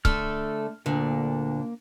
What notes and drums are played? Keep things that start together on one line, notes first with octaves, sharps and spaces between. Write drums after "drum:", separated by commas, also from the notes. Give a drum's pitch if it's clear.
D3 A3 A4 F6, drum: kick C#1
D2 A#2 D3 A#3